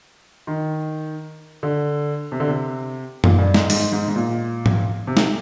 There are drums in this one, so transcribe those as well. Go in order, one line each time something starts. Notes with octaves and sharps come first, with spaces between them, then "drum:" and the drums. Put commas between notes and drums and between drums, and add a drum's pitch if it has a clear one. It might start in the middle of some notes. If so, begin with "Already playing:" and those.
D#3
D3
C3
D3
C3
A#2, drum: tom F#2
G2
G#2, drum: snare
G#2, drum: open hi-hat
G#2
G#2
A#2
drum: tom G#2
C3
drum: snare